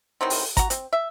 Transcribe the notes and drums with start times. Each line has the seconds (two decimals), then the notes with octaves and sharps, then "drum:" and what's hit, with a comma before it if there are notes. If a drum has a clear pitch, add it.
0.21 D#3 E3 F#3 C4
0.30 drum: open hi-hat
0.57 F#4 A#5, drum: kick G#1, hi-hat
0.70 C4, drum: hi-hat
0.93 E5